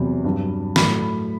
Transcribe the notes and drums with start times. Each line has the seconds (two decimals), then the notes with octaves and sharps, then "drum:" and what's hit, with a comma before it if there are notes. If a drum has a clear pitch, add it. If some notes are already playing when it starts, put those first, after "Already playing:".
Already playing: E2 C3 F#3
0.24 G2 F#3
0.76 A2 F#3 B5, drum: snare